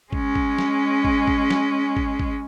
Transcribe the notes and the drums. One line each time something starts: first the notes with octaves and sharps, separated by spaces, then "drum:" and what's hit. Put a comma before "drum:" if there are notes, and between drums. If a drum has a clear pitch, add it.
G#3 C#4, drum: kick G#1
drum: kick G#1
drum: snare
drum: kick G#1
drum: kick G#1
drum: snare
drum: kick G#1
drum: kick G#1